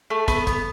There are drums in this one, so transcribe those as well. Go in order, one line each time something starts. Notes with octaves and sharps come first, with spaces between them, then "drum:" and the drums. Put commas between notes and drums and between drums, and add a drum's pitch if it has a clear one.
A3
B3, drum: kick, hi-hat
B3, drum: kick, hi-hat